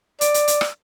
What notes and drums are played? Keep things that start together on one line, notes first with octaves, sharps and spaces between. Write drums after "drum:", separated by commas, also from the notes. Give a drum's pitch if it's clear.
D5, drum: hi-hat
drum: hi-hat
drum: hi-hat
drum: rim click